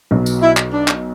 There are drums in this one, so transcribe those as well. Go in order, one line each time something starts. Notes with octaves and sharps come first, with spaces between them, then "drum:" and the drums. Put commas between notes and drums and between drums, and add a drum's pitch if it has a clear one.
B1 B2 F#3
drum: tambourine
E4
drum: clap
D4
drum: clap